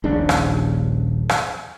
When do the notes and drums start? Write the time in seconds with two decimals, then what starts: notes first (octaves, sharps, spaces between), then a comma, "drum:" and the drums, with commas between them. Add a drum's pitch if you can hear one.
0.04 D#1 A#1 C#3 D4
0.29 drum: rim click
1.29 drum: rim click